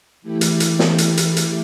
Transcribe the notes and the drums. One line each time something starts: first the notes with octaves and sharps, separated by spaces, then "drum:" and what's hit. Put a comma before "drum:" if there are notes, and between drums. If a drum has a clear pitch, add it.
E3 A3 E4 G4
drum: hi-hat
drum: hi-hat
drum: snare
drum: hi-hat
drum: hi-hat
drum: hi-hat